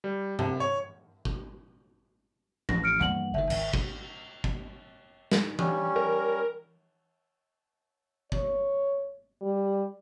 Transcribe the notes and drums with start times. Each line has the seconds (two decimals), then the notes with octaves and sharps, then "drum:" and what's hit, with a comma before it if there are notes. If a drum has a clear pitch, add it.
0.04 G3
0.39 C3, drum: tom G2
0.60 C#5
1.25 drum: kick
2.69 A1 A#6, drum: tom F3
2.84 F6 C#7 D7
3.01 E2 G2 A#3 F#5 F#7
3.34 F#1 D#3 E5
3.50 G#1, drum: cymbal
3.73 drum: kick
4.44 drum: kick
5.32 drum: snare
5.59 G3 C#4, drum: tom E3
5.96 A#4
8.32 C#5, drum: kick
9.42 G3